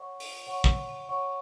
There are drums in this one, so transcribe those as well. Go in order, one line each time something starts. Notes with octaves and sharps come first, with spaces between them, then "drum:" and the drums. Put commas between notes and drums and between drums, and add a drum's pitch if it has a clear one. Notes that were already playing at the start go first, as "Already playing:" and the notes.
Already playing: C#5 F#5 C#6
drum: open hi-hat
C#5 F#5 C#6
drum: kick
C#5 F#5 C#6